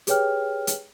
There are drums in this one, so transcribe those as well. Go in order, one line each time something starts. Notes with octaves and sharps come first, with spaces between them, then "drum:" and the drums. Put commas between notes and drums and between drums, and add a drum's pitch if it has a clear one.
G4 G#4 B4 C#5 G5 F6, drum: hi-hat
drum: hi-hat